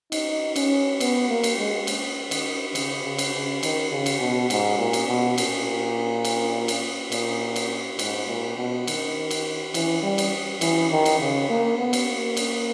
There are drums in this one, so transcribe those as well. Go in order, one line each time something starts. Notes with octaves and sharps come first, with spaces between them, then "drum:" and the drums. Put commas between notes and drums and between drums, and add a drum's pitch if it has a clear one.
D#4, drum: cymbal
C#4, drum: cymbal
B3, drum: cymbal
A#3
drum: cymbal
G#3
drum: cymbal
D#3, drum: cymbal
C#3, drum: cymbal
C#3
drum: cymbal
C#3
D#3, drum: cymbal
C#3
drum: cymbal
B2
G#2, drum: cymbal
A#2
drum: cymbal
B2
A#2, drum: cymbal
drum: cymbal
drum: cymbal
A#2, drum: cymbal
drum: cymbal
G#2, drum: cymbal
A#2
B2
D#3, drum: cymbal
drum: cymbal
E3, drum: cymbal
G3
drum: cymbal
E3, drum: cymbal
D#3
drum: cymbal
C#3
A#3
B3
drum: cymbal
A#3
drum: cymbal